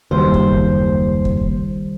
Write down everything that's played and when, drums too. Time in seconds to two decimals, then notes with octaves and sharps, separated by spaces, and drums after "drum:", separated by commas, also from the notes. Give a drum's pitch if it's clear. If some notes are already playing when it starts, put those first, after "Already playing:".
0.11 F#1 D#2 D#3 G3 C5
0.34 drum: kick
1.25 drum: kick